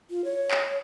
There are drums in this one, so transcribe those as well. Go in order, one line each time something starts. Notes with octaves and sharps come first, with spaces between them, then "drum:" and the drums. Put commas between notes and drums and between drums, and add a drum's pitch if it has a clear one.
F4
C#5
drum: clap